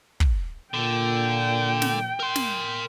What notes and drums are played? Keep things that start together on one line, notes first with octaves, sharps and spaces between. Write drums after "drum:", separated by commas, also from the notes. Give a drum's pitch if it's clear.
drum: kick
A#2 D3 G5
drum: snare
A#4 C6
drum: snare